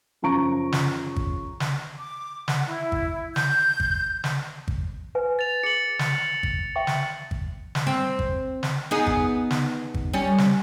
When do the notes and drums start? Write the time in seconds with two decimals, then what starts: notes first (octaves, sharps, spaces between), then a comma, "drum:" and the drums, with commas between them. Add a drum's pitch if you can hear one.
0.22 F#2 C#3 F3 A#5 C#6 D7
0.72 drum: snare
1.16 drum: kick G#1
1.60 drum: snare
2.00 D6
2.48 F#5, drum: snare
2.67 E4
2.92 drum: kick G#1
3.36 G6, drum: snare
3.80 drum: kick G#1
4.24 drum: snare
4.68 drum: kick G#1
5.15 B4 G#5
5.39 A6 F7
5.63 G#4 C#7 F#7
5.99 drum: snare
6.43 drum: kick G#1
6.76 E5 G5 C#6
6.87 drum: snare
7.31 drum: kick G#1
7.75 drum: snare
7.87 C4
8.19 drum: kick G#1
8.63 drum: snare
8.91 B3 D#4 G#4
9.07 drum: kick G#1
9.51 drum: snare
9.94 drum: kick G#1
10.13 G3 C#4
10.38 drum: snare